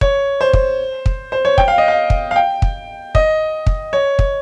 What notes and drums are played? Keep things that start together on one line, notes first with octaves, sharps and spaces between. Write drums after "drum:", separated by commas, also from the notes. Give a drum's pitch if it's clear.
C#5, drum: kick
C5
drum: kick
drum: kick
C5
C#5
G5, drum: kick
F5
D#5
F5
drum: kick
F5
G5
drum: kick
D#5, drum: kick
drum: kick
C#5
drum: kick